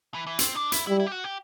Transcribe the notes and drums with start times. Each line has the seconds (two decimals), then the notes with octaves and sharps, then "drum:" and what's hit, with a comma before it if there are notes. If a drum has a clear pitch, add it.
0.14 E3
0.27 E3
0.39 C4, drum: hi-hat
0.55 D4
0.72 E4, drum: hi-hat
0.87 G3 E4
1.00 E4
1.07 G4
1.12 F#4
1.24 G4